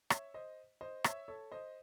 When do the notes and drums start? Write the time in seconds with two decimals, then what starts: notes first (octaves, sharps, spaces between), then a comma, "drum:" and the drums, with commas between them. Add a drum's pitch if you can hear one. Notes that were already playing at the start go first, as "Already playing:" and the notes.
0.10 C#5 E5, drum: rim click
0.34 C5 D#5
0.81 C5 D#5
1.04 C#5 E5, drum: rim click
1.28 A4 C#5
1.52 C5 D#5